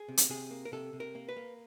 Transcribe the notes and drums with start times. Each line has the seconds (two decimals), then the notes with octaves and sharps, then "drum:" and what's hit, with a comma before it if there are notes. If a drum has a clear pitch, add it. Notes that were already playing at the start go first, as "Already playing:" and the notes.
Already playing: G#4
0.08 C3
0.17 drum: hi-hat
0.30 C3 G#4
0.51 A#3
0.65 A#4
0.72 C3 A4
0.93 C3
1.00 A#4
1.15 A#3
1.29 B4
1.37 A#3